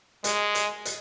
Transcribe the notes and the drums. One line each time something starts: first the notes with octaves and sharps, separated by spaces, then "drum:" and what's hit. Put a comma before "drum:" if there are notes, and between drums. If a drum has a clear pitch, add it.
G#3, drum: hi-hat
drum: hi-hat
drum: hi-hat